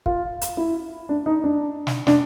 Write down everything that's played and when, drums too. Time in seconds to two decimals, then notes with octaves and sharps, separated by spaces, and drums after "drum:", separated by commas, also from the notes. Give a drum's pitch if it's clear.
0.06 F4, drum: kick
0.41 drum: hi-hat
0.57 E4
1.09 D4
1.26 D#4
1.44 D4
1.87 drum: snare
2.07 D4, drum: snare